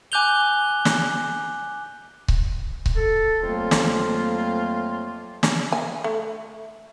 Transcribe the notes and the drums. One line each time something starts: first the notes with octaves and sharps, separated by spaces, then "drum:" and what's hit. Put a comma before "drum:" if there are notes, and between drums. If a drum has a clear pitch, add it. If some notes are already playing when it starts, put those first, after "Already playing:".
G#5 D6 F#6 G6 F7 G7
drum: snare
drum: kick C#1
drum: kick C#1
A4
F2 F#3 A3 A#3 F4
drum: snare
drum: snare
G#5
A3